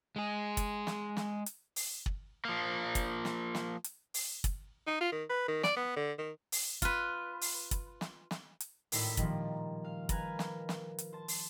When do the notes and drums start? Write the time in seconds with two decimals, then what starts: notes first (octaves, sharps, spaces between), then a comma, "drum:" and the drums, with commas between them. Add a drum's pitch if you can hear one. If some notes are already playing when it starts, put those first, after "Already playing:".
0.16 G#3 G#4
0.57 drum: kick, hi-hat
0.87 drum: snare
1.17 drum: snare
1.46 drum: hi-hat
1.76 drum: open hi-hat
2.06 drum: kick
2.45 F3 A#3
2.95 drum: kick, hi-hat
3.25 drum: snare
3.55 drum: snare
3.84 drum: hi-hat
4.14 drum: open hi-hat
4.44 drum: kick, hi-hat
4.87 D#4
5.00 F4
5.12 D#3
5.29 B4
5.48 D#3
5.63 D5, drum: snare
5.76 B3
5.96 D3
6.18 D#3
6.52 drum: open hi-hat
6.82 F4 B4, drum: kick, hi-hat
7.41 drum: open hi-hat
7.71 drum: kick, hi-hat
8.01 drum: snare
8.31 drum: snare
8.60 drum: hi-hat
8.92 G#1 A2 D#4 A4 D5 B6, drum: open hi-hat
9.17 A#2 D#3 F3 G3 A#3, drum: kick, hi-hat
9.84 F5
10.09 A#4 B4 F5 G#5 G#6, drum: kick, hi-hat
10.39 drum: snare
10.69 drum: snare
10.99 drum: hi-hat
11.13 C5 A5
11.28 drum: open hi-hat